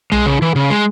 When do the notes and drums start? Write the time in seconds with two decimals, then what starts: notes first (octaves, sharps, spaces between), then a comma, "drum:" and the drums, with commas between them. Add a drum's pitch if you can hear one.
0.12 G#3, drum: tom B1
0.26 C#3
0.42 E3
0.56 C#3
0.70 G#3